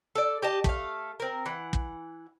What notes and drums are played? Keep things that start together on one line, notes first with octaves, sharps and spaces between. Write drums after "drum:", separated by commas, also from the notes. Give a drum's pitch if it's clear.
A4 D5
G4 D#5 A5
A3 F5, drum: kick
C4 A#4
E3 F#5
drum: kick